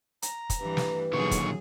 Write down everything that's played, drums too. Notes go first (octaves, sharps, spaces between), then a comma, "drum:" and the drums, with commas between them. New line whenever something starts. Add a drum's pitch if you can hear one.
A#5, drum: hi-hat
drum: kick, hi-hat
G2 E3 B4
drum: snare
F#2 A#2 D3 D#3 G#4 C#6
drum: kick, hi-hat